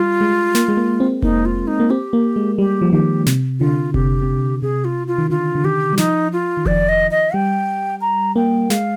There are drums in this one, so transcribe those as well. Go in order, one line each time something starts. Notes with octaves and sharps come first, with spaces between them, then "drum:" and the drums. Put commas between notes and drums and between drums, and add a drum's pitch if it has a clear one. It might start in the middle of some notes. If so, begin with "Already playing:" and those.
Already playing: G3 F4
G#3
A#3, drum: snare
G#3
A#3
C4
A#3 D#4, drum: kick F1
F4
D#4
A#3
C4 G4
A#3
G#3
G3 G4
F3
D#3 G4
C3, drum: snare
D3 F4
C3 G4, drum: kick F1
C3
C3 G#4
F4
F4
D#3
D3 F4
D3
D#3 G4
G3
F3 D#4, drum: snare
F4
D#3
F3 D5, drum: kick F1
D#5
D#5
G3 G5
A#5
A#3 G5
G#3 F5, drum: snare